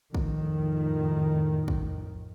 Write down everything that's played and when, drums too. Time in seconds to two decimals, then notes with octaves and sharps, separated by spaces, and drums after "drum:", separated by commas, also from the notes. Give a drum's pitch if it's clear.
0.14 F2 A2 D#3, drum: kick
1.68 drum: kick